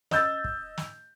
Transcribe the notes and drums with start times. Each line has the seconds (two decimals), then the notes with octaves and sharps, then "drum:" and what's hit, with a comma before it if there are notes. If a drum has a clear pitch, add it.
0.11 D#5 E6 G6 A6, drum: snare
0.44 drum: kick
0.78 drum: snare